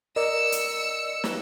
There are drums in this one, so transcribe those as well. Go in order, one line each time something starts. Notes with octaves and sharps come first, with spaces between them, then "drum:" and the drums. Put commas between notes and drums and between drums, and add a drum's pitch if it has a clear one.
A#4 D5 D#5 E6 C#7
drum: hi-hat
drum: snare